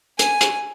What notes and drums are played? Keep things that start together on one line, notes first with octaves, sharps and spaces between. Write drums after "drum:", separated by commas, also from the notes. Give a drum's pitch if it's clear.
G#5, drum: hi-hat
drum: hi-hat